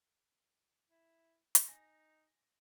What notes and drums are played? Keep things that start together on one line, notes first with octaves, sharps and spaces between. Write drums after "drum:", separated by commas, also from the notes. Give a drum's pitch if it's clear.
E4
drum: hi-hat
D#4 G#5 A#6